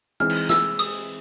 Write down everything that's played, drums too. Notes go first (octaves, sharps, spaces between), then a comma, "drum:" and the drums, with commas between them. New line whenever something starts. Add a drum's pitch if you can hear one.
E3 G#3 C4 D#4 F6
drum: cymbal
E6, drum: snare
D#6, drum: open hi-hat